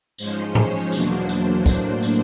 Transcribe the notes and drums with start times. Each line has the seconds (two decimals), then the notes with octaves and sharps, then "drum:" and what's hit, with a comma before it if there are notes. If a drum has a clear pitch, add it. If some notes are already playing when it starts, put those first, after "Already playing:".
0.18 G#2 F3 G#3 C#4 C5, drum: tambourine
0.55 C#5, drum: tom G#2
0.92 E2 B2 F#3 A#3 D4 C5, drum: tambourine
1.29 drum: tambourine
1.66 A2 F#3 A#3 D4, drum: kick, tambourine
2.03 drum: tambourine